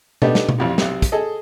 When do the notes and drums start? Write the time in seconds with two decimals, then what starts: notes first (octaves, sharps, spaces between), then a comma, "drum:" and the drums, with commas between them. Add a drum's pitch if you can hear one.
0.22 A3 B3 D4 D#4 G4, drum: tom B2
0.35 drum: snare
0.49 drum: tom B2
0.58 A1 F2 C3
0.78 B1 C3, drum: snare
1.02 drum: kick, hi-hat
1.12 G#4 A4 D#5